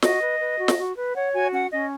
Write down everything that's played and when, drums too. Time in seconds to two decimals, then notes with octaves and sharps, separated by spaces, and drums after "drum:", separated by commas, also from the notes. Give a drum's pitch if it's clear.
0.02 F#4 D#5, drum: snare
0.21 B4
0.40 B4
0.59 F#4
0.68 drum: snare
0.78 F#4
0.96 B4
1.16 C#5 F#5
1.34 F#4 G#5
1.53 C#4 F#5
1.72 C#4 D#5